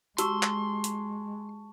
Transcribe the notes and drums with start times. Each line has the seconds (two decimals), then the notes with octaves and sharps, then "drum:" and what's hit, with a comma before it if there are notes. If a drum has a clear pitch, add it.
0.18 G#3 F#4 G4 A5 C6 C#6 E6, drum: hi-hat
0.43 drum: clap
0.84 drum: hi-hat